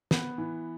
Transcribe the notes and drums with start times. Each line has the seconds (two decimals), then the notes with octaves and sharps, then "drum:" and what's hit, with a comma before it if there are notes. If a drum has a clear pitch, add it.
0.11 B3, drum: snare
0.38 E3